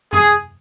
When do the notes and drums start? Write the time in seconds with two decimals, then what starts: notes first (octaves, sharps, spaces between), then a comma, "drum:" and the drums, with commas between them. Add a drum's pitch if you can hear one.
0.13 G#4, drum: tom E2